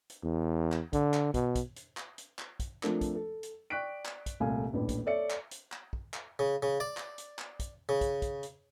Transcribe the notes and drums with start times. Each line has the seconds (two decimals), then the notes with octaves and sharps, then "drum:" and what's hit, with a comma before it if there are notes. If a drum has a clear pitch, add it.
0.10 drum: hi-hat
0.23 E2
0.72 drum: clap
0.93 D3, drum: kick, hi-hat
1.14 drum: clap
1.34 B2, drum: kick, hi-hat
1.55 drum: kick, hi-hat
1.76 drum: hi-hat
1.97 drum: clap
2.18 drum: hi-hat
2.39 drum: clap
2.60 drum: kick, hi-hat
2.83 F3 A3 C4 D4 A#4, drum: clap
3.01 drum: kick, hi-hat
3.15 A4
3.43 drum: hi-hat
3.70 D5 G5 C#6 F#6 B6 D7
4.05 drum: clap
4.26 drum: kick, hi-hat
4.40 D#1 C2 A3 F5 G#5
4.73 D#1 A1 D4 B4
4.89 drum: kick, hi-hat
5.06 A4 C#5 D5 E5 C#7
5.30 drum: clap
5.51 drum: hi-hat
5.72 drum: clap
5.93 drum: kick
6.14 drum: clap
6.39 C#3
6.63 C#3
6.80 D5
6.97 drum: clap
7.18 drum: hi-hat
7.39 drum: clap
7.60 drum: kick, hi-hat
7.89 C#3
8.01 drum: kick, hi-hat
8.22 drum: kick, hi-hat
8.43 drum: hi-hat